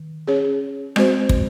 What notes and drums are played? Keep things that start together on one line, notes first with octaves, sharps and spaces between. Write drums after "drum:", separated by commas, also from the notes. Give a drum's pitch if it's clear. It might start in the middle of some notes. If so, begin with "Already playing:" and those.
Already playing: D#3
C#4 G#4 C#5
G#3 C4 F#4 C5, drum: rim click
drum: kick